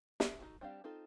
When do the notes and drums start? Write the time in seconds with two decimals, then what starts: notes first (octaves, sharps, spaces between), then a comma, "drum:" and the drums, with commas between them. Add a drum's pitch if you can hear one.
0.20 E5, drum: snare
0.39 D#4 E4 F#4 A4
0.61 G3 C4 D4 G4 F5
0.84 C4 D#4 F4 A4